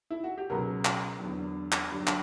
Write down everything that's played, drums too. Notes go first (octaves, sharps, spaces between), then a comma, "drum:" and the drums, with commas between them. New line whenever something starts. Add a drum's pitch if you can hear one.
E4
F#4
G4
C#2 B2 F#3 A#4
drum: clap
E2 D3 F#3
drum: clap
G2 D3 F#3
drum: clap